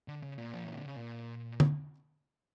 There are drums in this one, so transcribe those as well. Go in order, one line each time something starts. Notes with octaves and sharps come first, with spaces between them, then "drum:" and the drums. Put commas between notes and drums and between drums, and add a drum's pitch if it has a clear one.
D3
C#3
A#2
F3
E3
D3
C#3
A#2
drum: tom D3